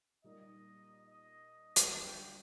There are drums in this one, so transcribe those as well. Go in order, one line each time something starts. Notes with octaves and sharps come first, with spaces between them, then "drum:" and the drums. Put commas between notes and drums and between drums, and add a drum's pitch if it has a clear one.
A#2 G3 A#3 D#4 D#5
D#5
drum: hi-hat
D3 G3 D4 G4 G5